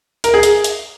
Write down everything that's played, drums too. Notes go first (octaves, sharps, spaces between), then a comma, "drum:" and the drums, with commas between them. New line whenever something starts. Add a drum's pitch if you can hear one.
A#4, drum: hi-hat
G#4
drum: hi-hat
drum: hi-hat